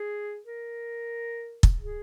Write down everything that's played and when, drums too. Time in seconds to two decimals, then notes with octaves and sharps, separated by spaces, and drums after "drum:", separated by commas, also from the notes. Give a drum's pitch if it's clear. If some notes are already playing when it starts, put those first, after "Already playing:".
Already playing: G#4
0.46 A#4
1.63 drum: kick
1.80 G#4